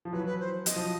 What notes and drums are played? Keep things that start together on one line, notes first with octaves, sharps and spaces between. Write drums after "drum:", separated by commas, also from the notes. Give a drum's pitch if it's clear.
F3
E3 F#3 B4
B4
C5
F#3 D#5, drum: hi-hat
F3